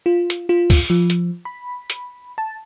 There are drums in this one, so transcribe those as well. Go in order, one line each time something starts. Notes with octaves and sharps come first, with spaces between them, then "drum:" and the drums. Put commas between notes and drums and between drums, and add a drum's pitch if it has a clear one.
F4
drum: hi-hat
F4
drum: kick C#2, open hi-hat
F3
drum: hi-hat
B5
drum: hi-hat
A5